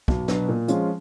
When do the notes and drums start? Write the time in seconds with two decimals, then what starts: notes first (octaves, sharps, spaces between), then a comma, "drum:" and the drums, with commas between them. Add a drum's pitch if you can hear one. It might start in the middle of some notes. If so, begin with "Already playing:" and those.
0.08 B1, drum: kick
0.28 B2 F#3 B3 D4, drum: snare
0.48 A#2
0.68 F3 G#3 C#4 F4, drum: hi-hat